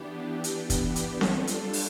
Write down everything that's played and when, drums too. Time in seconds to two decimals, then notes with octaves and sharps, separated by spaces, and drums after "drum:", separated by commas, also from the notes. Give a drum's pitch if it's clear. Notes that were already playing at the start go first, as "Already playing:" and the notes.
Already playing: E3 B3 D4 G4
0.44 drum: hi-hat
0.70 drum: kick, hi-hat
0.96 drum: hi-hat
1.21 G3 D4 F4 A4, drum: snare C4
1.47 drum: hi-hat
1.73 drum: open hi-hat